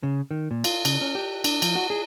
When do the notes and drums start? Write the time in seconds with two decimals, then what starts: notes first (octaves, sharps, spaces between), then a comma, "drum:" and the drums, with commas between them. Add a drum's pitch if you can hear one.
0.03 C#3
0.31 D#3
0.51 A#2
0.64 F4, drum: cymbal
0.85 C#3, drum: cymbal
1.01 C#4
1.15 G4
1.44 D4, drum: cymbal
1.62 F3, drum: cymbal
1.75 F#4
1.90 G#4